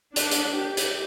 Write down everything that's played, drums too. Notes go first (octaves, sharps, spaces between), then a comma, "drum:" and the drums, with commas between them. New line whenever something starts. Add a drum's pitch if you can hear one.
D4, drum: hi-hat
drum: hi-hat
G4
drum: hi-hat